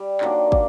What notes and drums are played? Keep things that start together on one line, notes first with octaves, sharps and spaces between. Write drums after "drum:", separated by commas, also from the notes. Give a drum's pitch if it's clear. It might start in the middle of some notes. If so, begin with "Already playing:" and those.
Already playing: G3
D#3 F#3 A#3 D4, drum: clap
A#3 D4, drum: kick